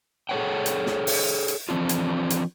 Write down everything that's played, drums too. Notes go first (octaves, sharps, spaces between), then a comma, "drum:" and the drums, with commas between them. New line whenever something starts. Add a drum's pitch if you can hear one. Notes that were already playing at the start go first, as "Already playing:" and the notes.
G#4 A4 B4 C#5 F#5 G5
drum: hi-hat
drum: snare
drum: open hi-hat
drum: hi-hat
E3 F3 C4 D4 F4
drum: hi-hat
drum: hi-hat